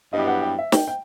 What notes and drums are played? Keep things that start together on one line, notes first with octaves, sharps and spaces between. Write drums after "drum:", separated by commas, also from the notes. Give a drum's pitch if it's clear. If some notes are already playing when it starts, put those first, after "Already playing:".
G2 F#3 B3 E4 G4 D#5
F#5
G5
E5
G5, drum: snare
G5